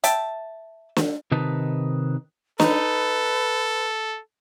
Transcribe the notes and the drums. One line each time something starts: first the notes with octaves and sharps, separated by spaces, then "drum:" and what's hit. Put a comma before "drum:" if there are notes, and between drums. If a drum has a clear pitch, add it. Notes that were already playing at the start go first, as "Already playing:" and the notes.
E5 G5 A5, drum: hi-hat
drum: snare
C3 D#3 D#4 B4 A5
D#4 A4 B4, drum: snare